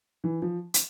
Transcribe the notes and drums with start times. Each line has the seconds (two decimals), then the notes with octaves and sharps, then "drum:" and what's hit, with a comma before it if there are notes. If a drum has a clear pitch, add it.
0.24 E3
0.42 F3
0.74 drum: hi-hat